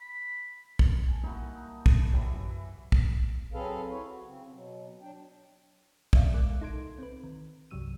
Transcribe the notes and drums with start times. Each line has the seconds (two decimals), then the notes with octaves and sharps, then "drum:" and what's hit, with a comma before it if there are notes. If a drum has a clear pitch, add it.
0.01 B5
0.79 drum: kick
1.08 G#5 A5
1.23 G3 A#3 D#4 E4 F#4
1.86 drum: kick
2.13 C3 E3 F#3 E4
2.33 F#2
2.50 E5
2.92 drum: kick
3.54 F#3 C4 G#4 A4 B4 F5
3.90 C4 E4 B4 C#5
4.07 F#4
4.24 C#3 C4
4.52 B2 F#3
5.02 F#3 D4 G5
6.13 D5 E5 F5, drum: kick
6.34 D#2 C#3 G#3 A#4 D6 F#6
6.61 A#1 D#4 A4 C6 G#6 D7
6.99 C4 B4
7.24 D#3
7.71 C2 G2 C3 F#3 E6 D#7